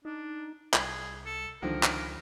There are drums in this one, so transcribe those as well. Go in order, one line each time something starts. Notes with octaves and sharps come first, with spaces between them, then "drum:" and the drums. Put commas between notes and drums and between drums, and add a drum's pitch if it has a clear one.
D4 D#4
C2 G#4, drum: clap
A4
C#2 D3 D#3 F3 A#4
drum: clap